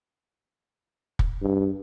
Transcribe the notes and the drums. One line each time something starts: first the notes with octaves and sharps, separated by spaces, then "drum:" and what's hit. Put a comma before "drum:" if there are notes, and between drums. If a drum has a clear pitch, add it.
drum: kick
G2